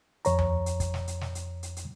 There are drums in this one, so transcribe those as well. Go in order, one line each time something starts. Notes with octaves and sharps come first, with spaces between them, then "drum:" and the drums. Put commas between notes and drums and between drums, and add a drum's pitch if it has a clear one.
F2 C#5 A#5, drum: hi-hat
drum: tom D#2
drum: hi-hat
drum: kick, hi-hat
drum: snare
drum: hi-hat
drum: snare
drum: hi-hat
drum: hi-hat
drum: hi-hat